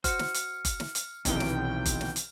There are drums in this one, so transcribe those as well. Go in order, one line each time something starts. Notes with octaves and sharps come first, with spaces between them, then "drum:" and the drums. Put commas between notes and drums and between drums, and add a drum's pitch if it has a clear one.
F#4 C5 F6 C#7, drum: kick F#1, hi-hat
drum: snare
drum: hi-hat
drum: kick F#1, hi-hat
drum: snare
drum: hi-hat
B1 C3 D#3 E3 G5, drum: kick F#1, hi-hat
drum: snare
drum: kick F#1, hi-hat
drum: snare
drum: hi-hat